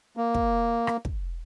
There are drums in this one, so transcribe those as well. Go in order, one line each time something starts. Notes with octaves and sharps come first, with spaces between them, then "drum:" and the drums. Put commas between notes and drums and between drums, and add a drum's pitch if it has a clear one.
A#3
drum: kick
drum: rim click
drum: kick